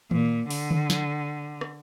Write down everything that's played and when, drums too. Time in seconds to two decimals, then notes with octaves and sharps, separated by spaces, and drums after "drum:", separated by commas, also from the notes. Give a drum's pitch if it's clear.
0.11 A#2, drum: tom D#3
0.50 D3, drum: open hi-hat
0.71 drum: tom D3
0.90 drum: snare
1.61 drum: rim click